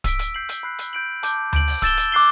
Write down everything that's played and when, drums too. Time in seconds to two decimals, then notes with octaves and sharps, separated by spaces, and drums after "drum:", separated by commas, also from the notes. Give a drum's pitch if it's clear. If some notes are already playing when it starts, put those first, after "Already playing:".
0.04 E6 B6 D7, drum: kick D1, hi-hat
0.19 drum: hi-hat
0.34 G6 C7 F#7
0.49 drum: hi-hat
0.63 B5 F#6 C7
0.78 drum: hi-hat
0.93 G6 D7 F#7
1.23 A5 D6 G6, drum: hi-hat
1.53 G6 D7 F#7, drum: tom D2
1.67 drum: open hi-hat
1.82 E6 A6 E7 G7, drum: kick D1, hi-hat
1.97 drum: hi-hat
2.12 D6 F#6 C7 G7